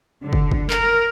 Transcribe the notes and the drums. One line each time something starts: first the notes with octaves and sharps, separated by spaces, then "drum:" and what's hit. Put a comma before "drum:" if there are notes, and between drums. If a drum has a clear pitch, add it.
D3
drum: kick
drum: kick
A#4, drum: clap